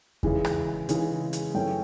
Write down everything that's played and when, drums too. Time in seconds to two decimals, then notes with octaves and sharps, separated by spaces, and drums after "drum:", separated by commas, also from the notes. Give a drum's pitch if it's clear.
0.23 C#3 E3 G#3, drum: kick E2
0.45 drum: rim click
0.89 C#3 E3 G#3, drum: hi-hat
1.33 drum: hi-hat
1.54 F#2 C#3 E3 A3 C#4 G5